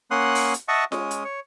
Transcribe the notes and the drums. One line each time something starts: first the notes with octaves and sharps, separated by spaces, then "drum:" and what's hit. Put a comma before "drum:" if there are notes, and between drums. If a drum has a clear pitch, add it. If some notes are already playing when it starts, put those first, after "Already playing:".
A#3 C#4 F#5 C6 D#6 F#6
drum: open hi-hat
drum: hi-hat
D#5 E5 F#5 A5 C#6 D#6
G#3 C#4 D#6, drum: snare F4
drum: hi-hat
C#5